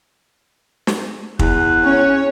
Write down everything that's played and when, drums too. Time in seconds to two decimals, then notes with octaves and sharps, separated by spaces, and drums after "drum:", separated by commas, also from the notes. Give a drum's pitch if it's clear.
0.87 drum: snare
1.39 E2 F#6, drum: kick
1.83 C#4 C#5